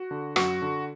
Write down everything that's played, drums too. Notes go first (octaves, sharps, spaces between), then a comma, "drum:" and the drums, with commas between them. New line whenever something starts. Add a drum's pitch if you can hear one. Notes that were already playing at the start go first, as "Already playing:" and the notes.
Already playing: F#4
D3
F#2 F#4, drum: rim click
D3